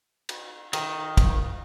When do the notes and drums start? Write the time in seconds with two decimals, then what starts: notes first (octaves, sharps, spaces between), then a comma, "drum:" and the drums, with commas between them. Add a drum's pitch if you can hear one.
0.29 drum: cymbal
0.73 D#3, drum: cymbal
1.17 drum: kick, cymbal